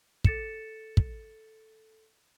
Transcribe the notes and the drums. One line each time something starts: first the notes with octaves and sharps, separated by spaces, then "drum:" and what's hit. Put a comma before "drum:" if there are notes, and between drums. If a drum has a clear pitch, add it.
A4 A6 C#7 E7, drum: kick
drum: kick